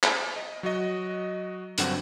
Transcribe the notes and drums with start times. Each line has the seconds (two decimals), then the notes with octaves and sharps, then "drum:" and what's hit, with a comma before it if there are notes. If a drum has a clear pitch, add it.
0.03 drum: clap
0.36 D#5
0.63 F#3 F#4 D#5
1.78 G1 G2 D3 F#3 C4 F#5, drum: hi-hat